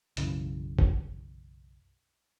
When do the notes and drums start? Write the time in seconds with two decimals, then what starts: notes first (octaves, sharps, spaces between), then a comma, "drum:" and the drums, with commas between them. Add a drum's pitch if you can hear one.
0.17 B1 F#2 C#3 E3, drum: hi-hat
0.79 drum: kick